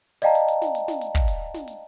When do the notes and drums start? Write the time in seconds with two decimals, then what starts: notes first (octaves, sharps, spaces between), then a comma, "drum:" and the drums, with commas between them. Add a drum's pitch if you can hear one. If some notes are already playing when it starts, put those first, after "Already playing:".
0.22 D5 D#5 F5 G5 A5 A#5, drum: open hi-hat
0.35 drum: hi-hat
0.48 drum: hi-hat
0.62 drum: snare
0.75 drum: hi-hat
0.88 drum: snare
1.01 drum: hi-hat
1.15 drum: kick, hi-hat
1.28 drum: hi-hat
1.54 drum: snare
1.68 drum: hi-hat